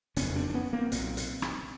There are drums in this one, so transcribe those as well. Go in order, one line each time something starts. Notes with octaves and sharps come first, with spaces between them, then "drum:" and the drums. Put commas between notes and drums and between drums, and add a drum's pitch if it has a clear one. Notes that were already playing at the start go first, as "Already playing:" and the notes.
F#1 F2 C#3 B3 C#4, drum: hi-hat
C4 D4
D4
B3 C#4
A#3 C4
B1 A#2, drum: hi-hat
drum: hi-hat
drum: rim click